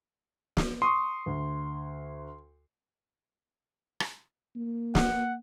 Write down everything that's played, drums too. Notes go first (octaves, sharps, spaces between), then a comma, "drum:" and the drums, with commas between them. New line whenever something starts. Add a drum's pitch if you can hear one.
drum: snare
C6 C#6 D#6
D2
drum: rim click
A#3
F#5, drum: snare